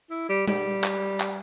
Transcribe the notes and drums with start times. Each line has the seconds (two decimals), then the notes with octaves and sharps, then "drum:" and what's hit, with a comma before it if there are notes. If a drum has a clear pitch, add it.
0.11 E4
0.29 G3
0.47 G3, drum: tom G3
0.84 drum: clap
1.20 drum: clap